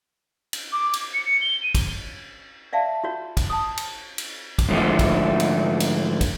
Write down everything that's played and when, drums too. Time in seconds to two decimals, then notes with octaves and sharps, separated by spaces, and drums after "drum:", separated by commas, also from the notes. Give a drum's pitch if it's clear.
0.53 drum: cymbal
0.72 D6
0.93 drum: cymbal
1.14 C#7
1.41 G7
1.63 D#7
1.75 drum: kick, cymbal
2.73 D5 E5 F5 A5
3.04 F4 F#4 C#5
3.37 drum: kick, cymbal
3.50 A5 D#6
3.77 drum: cymbal
4.18 drum: cymbal
4.59 drum: kick, cymbal
4.68 G#2 D3 F3 A3
4.99 drum: kick, cymbal
5.40 drum: cymbal
5.80 drum: cymbal
6.21 drum: kick, cymbal